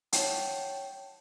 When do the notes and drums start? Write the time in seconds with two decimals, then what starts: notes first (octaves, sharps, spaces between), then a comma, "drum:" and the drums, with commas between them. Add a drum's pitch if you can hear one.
0.13 C#5 F#5 G5 A5, drum: hi-hat